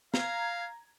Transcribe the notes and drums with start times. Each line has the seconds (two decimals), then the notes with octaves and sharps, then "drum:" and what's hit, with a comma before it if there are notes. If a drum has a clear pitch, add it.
0.14 F5 A#5 G#6, drum: snare